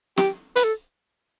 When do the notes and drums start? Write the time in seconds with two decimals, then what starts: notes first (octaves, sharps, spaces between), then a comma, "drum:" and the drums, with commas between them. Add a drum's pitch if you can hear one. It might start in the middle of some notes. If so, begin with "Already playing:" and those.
0.17 G4, drum: snare
0.56 B4, drum: hi-hat
0.64 A4